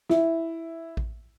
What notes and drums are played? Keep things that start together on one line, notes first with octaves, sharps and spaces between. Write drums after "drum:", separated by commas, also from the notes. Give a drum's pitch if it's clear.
E4, drum: snare
drum: kick A1